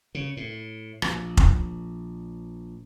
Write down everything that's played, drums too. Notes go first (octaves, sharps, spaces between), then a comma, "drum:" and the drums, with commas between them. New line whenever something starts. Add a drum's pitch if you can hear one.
C#3
A2
A#1, drum: rim click
drum: kick F1